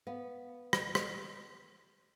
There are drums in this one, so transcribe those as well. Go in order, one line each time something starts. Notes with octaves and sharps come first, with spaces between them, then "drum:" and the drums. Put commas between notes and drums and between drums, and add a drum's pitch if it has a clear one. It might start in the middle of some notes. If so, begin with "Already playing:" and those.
B3 F5
drum: rim click
drum: rim click